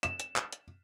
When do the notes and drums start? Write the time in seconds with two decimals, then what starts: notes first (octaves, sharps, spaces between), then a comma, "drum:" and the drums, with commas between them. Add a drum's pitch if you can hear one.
0.03 E7, drum: hi-hat
0.20 drum: hi-hat
0.36 drum: clap
0.53 drum: hi-hat